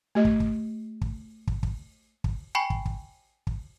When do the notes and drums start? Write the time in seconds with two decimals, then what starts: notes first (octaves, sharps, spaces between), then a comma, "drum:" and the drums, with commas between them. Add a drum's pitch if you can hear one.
0.15 A3 G4 D#5
0.25 drum: kick
0.40 drum: kick
1.01 drum: kick
1.47 drum: kick
1.63 drum: kick
2.24 drum: kick
2.55 G5 G#5 B5 C#6 C7
2.70 drum: kick
2.85 drum: kick
3.47 drum: kick